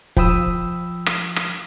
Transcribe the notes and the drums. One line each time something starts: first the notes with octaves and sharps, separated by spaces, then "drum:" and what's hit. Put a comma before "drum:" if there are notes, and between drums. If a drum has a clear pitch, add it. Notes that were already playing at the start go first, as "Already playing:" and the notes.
F3 G5 B5 D#6 E6, drum: kick
drum: rim click
drum: rim click